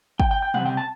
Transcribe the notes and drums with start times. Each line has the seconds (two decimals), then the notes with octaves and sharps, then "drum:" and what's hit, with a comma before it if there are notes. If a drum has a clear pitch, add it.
0.20 G5, drum: kick
0.31 G5
0.42 G5
0.54 C3 G3 C4 F#5, drum: tom
0.66 G5
0.77 A5